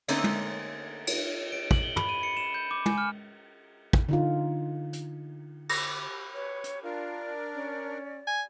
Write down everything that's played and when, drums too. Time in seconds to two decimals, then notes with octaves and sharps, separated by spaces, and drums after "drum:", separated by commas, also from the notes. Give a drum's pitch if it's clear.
0.08 D3 A3 A#3 C4 C#4 D#4, drum: cymbal
0.24 drum: tom
1.07 drum: cymbal
1.52 D7
1.71 F#7, drum: kick
1.83 G7
1.96 B5, drum: tom
2.09 D#7
2.23 C#7
2.37 E7
2.54 G6
2.71 D6
2.86 G#5, drum: tom
2.98 F6
3.93 drum: kick
4.09 D3 D#4 F4
4.93 drum: hi-hat
5.69 drum: cymbal
6.34 B4 C#5
6.64 drum: hi-hat
6.83 D4 F4 A#4 D5
7.54 C#4
8.27 G#5